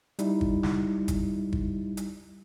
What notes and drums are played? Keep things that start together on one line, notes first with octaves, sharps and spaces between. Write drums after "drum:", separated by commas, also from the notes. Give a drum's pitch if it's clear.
G3 D#4 E4, drum: hi-hat
drum: kick
drum: snare
drum: kick, hi-hat
drum: kick
drum: hi-hat